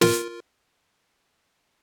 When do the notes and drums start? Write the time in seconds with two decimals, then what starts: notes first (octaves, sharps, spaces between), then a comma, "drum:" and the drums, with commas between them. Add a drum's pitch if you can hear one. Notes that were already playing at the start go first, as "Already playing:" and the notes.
0.01 F4 A#4, drum: snare